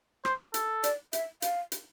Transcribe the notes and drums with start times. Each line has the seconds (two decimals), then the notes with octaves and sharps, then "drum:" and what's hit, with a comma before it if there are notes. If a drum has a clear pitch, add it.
0.25 C5, drum: rim click
0.54 A4, drum: hi-hat
0.84 D5, drum: hi-hat
1.13 E5, drum: hi-hat
1.42 F5, drum: hi-hat
1.72 drum: hi-hat